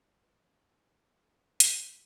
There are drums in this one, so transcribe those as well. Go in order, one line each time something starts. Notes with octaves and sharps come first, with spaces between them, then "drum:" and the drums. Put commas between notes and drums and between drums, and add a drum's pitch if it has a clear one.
B4 D7
drum: hi-hat